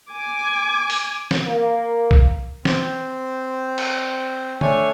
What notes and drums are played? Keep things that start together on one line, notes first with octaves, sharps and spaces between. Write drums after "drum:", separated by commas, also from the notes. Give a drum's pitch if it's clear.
G#5 D6
drum: open hi-hat
drum: snare
A#3
drum: kick B1
C4, drum: snare
drum: cymbal
A3 D4 C#5 G#5, drum: tom